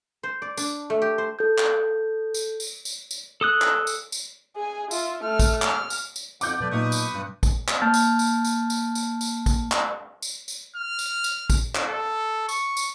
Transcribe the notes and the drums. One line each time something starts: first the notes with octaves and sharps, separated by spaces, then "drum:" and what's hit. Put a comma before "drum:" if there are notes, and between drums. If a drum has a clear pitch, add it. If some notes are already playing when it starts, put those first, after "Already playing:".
C5
D5
D4, drum: tambourine
A3
G4
C5
A4 G6
drum: clap
drum: tambourine
drum: tambourine
drum: tambourine
drum: tambourine
A4 D#6 F#6
drum: clap
drum: tambourine
drum: tambourine
G#4 G#5
F4 E5, drum: tambourine
A3 F6
drum: kick, tambourine
F6, drum: clap
drum: tambourine
drum: tambourine
F2 F3 F#5 D6 G6, drum: tambourine
B2 F#3 A3 B4 D5
A#2 D#4 B4 A5 C#6 D#6
drum: tambourine
G2
drum: kick, tambourine
drum: clap
A#3 A5 F6 G6 A6
drum: tambourine
drum: tambourine
drum: tambourine
drum: tambourine
drum: tambourine
drum: tambourine
drum: kick, tambourine
drum: clap
drum: tambourine
drum: tambourine
F6
drum: tambourine
drum: tambourine
drum: kick, tambourine
drum: clap
A4
C#6, drum: tambourine
drum: tambourine